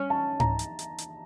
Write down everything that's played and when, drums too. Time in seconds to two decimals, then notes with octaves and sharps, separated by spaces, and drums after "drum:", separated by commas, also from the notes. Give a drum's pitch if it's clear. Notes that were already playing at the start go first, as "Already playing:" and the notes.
Already playing: C#4
0.10 A5
0.40 A#5, drum: tom G#2
0.59 drum: hi-hat
0.79 drum: hi-hat
0.98 drum: hi-hat